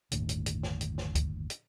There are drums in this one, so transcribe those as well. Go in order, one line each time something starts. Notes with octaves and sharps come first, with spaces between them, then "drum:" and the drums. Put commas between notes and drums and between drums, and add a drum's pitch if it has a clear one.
G1 D#2 A2 D3, drum: hi-hat
drum: hi-hat
drum: hi-hat
drum: snare
drum: hi-hat
drum: snare
drum: kick, hi-hat
drum: hi-hat